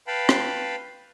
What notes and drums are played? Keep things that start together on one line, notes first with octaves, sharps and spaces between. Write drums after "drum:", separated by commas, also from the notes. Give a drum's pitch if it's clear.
B4 F5 G5 A5 B5
drum: rim click